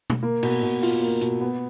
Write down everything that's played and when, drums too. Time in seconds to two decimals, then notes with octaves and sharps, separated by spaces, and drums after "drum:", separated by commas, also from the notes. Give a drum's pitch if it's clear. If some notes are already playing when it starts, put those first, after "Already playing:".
0.10 drum: tom
0.23 A#3
0.43 B2, drum: cymbal
0.62 B2
0.83 F4, drum: open hi-hat
1.02 A#3
1.21 B2, drum: hi-hat
1.41 B3